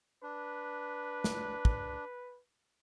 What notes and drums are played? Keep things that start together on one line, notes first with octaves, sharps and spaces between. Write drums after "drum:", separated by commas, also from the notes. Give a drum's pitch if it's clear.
D4 B4
drum: snare
drum: kick